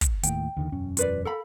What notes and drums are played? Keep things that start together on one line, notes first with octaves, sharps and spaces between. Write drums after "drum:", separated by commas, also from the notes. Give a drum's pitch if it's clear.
drum: kick, hi-hat
D#2 A2 G5, drum: hi-hat
D#2 D3 D#3
E1 F#2 C#4
F4 B4 D5, drum: hi-hat
A4 F5 B5